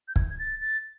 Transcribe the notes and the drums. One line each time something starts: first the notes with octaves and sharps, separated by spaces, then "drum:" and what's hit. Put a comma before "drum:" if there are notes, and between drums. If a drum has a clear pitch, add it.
G6
G#6, drum: kick
G#6
A6
A6